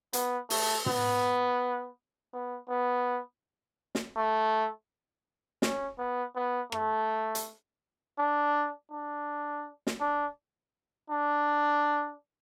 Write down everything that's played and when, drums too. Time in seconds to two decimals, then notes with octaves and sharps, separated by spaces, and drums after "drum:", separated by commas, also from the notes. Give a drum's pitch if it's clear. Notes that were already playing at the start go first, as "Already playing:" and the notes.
0.13 B3, drum: hi-hat
0.50 A3, drum: open hi-hat
0.86 B3, drum: tom
2.33 B3
2.69 B3
3.95 drum: snare
4.16 A3
5.62 C#4, drum: snare
5.98 B3
6.35 B3
6.72 A3, drum: rim click
7.35 drum: hi-hat
8.18 D4
8.91 D4
9.87 drum: snare
10.00 D4
11.10 D4